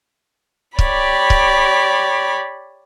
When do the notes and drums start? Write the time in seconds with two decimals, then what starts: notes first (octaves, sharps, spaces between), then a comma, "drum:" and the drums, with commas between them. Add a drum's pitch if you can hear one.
0.79 G4 C#5 D5 B5, drum: kick C#1
1.30 drum: kick C#1